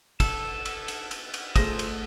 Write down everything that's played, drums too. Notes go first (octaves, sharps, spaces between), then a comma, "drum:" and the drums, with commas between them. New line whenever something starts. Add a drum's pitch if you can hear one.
A4, drum: kick, cymbal
drum: cymbal
drum: cymbal
drum: cymbal
drum: cymbal
A3 F4 G#4 C5 D#6 A#6, drum: kick, cymbal
drum: cymbal